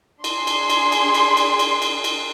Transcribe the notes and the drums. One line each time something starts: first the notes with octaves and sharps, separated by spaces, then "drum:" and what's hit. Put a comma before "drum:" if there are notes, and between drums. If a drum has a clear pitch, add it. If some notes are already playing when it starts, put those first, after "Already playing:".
D4 G#4 C6, drum: cymbal
drum: cymbal
drum: cymbal
drum: cymbal
drum: cymbal
drum: cymbal
drum: cymbal
drum: cymbal
drum: cymbal